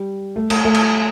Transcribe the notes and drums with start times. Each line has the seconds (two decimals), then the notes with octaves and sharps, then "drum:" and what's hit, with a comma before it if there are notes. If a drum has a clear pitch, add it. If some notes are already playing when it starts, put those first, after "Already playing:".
Already playing: G3
0.36 A3
0.50 A3, drum: cymbal
0.65 A3
0.74 drum: cymbal